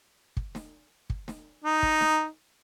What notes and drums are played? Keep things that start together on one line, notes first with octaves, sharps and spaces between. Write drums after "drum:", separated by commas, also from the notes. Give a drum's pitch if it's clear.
drum: kick
drum: snare
drum: kick
drum: snare
D#4
drum: kick
drum: snare